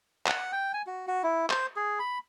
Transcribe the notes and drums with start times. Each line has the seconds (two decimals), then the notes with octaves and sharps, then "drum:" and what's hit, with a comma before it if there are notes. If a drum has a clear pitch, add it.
0.26 F#5, drum: clap
0.52 G5
0.73 G#5
0.87 F#4
1.08 F#4
1.23 E4
1.50 C5, drum: clap
1.76 G#4
1.99 B5